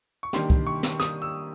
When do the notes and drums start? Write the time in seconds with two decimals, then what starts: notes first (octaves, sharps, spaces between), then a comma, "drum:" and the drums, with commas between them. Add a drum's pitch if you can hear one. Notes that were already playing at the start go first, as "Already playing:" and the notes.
0.23 C#6
0.33 D#3 G3 A#3 D4 G4 C6, drum: snare
0.50 drum: kick
0.67 C#6
0.83 drum: snare
1.00 D#6, drum: snare
1.22 E6